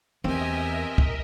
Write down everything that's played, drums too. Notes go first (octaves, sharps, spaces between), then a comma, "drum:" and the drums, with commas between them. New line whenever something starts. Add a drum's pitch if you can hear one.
E2 C4 G4 A#4 D#5 E5 G#5
drum: kick